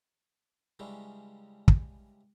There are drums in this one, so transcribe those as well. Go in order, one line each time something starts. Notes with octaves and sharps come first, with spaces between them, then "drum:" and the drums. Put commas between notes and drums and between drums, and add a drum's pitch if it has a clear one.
C#3 E3 G3 G#3 C#4 D4
drum: kick